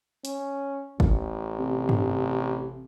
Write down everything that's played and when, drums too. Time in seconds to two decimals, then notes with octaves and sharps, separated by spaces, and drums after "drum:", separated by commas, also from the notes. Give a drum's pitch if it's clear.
0.25 C#4, drum: hi-hat
1.00 A1, drum: kick
1.59 C3
1.89 drum: tom G2